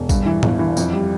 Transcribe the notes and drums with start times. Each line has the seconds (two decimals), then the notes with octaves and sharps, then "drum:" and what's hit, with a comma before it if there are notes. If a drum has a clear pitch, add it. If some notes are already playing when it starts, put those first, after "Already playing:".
Already playing: E1
0.09 G2, drum: kick A1, tambourine
0.26 E3
0.43 G1, drum: tom A2
0.59 E3
0.77 F2, drum: tambourine
0.93 G3